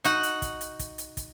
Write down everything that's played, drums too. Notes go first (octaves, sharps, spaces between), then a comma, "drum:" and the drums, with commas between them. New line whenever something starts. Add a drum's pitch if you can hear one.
D#4 F#4 F#5, drum: hi-hat
drum: hi-hat
drum: kick, hi-hat
drum: hi-hat
drum: kick, hi-hat
drum: hi-hat
drum: kick, hi-hat